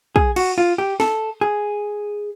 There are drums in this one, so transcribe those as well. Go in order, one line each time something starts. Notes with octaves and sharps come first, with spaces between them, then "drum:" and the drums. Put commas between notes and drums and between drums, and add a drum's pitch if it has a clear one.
G#4, drum: kick
F#4, drum: cymbal
F4
G4
A4, drum: snare
G#4